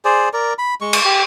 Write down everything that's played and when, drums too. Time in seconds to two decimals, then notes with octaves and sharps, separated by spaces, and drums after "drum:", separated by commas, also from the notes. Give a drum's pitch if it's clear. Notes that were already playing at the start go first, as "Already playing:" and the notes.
0.05 G#4 C5 D5
0.33 A#4 D5
0.59 B5
0.81 G#3 C#6
0.93 drum: cymbal
1.05 G4